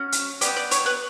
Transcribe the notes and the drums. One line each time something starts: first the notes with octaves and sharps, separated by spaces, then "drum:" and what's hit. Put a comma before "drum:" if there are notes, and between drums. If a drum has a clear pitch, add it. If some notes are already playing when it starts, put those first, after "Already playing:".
Already playing: C#4 F#4
drum: hi-hat
B3 E4 G4 D5, drum: hi-hat
D5
C#5, drum: hi-hat
B4